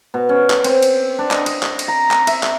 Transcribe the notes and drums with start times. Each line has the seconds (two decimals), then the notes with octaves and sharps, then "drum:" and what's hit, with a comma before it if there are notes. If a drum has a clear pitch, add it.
0.14 B2
0.29 C#4
0.50 drum: clap
0.64 C4, drum: cymbal
0.83 drum: cymbal
1.19 D4
1.31 D#5, drum: clap
1.46 D#5, drum: cymbal
1.63 drum: clap
1.79 drum: cymbal
1.88 A#5
2.11 drum: clap
2.27 E5, drum: cymbal
2.43 drum: clap